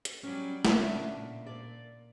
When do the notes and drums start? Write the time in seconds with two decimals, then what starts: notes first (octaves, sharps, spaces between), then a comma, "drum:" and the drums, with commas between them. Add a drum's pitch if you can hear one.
0.05 drum: hi-hat
0.23 F#3 G3 C#4 D5
0.65 A2 C#3 D4 E5 F#5 A5, drum: snare
1.12 A#2
1.46 D5